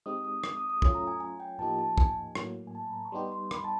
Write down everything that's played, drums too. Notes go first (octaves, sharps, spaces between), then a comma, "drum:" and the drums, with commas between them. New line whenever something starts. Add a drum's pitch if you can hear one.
G#3 C4 D#4 G4 D#6
D#6
D6, drum: rim click
D#6
D#6
F#3 A3 C#4 F4 D#6, drum: kick
A#5
G#5
G#5
G5
A2 F3 A#3 D#4 G4 A5
A5
G#5, drum: kick
A2 F#3 A#3, drum: rim click
G#5
A5
B5
A#5
C#6
G3 B3 D#4 G4 C6
C6
B5, drum: rim click
A5